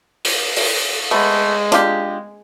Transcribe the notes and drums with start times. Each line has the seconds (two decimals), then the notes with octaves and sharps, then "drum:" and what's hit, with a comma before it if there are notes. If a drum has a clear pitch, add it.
0.24 drum: open hi-hat
0.56 drum: open hi-hat
1.11 G#3 A3 B3
1.72 D4 F4 G4, drum: hi-hat